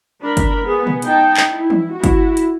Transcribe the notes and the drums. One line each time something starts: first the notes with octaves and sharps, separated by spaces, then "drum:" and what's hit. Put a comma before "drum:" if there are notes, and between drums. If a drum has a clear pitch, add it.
D4 A#4 B5
drum: kick, hi-hat
B3 G#4
drum: tom B2
D#4 G5 A5, drum: hi-hat
drum: clap
E4
drum: tom E3
E4 F#4
drum: kick, hi-hat
drum: hi-hat